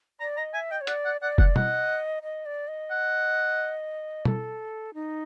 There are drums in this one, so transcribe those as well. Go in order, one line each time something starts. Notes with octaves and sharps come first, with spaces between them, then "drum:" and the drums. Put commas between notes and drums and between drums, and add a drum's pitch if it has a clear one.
D5 A#5
D#5 A#5
E5 G#5
D#5 G5
C#5
D5 F#5, drum: hi-hat
F#5
D5 F#5
F#5, drum: kick
D#5 F#5, drum: tom
D#5
D5
D#5
F#5
A4, drum: tom
D#4